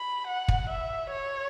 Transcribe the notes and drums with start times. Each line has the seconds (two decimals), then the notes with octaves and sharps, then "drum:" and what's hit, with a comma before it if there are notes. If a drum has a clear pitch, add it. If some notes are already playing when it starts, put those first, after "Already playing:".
Already playing: B5
0.27 F#5
0.48 drum: kick
0.70 E5
1.11 C#5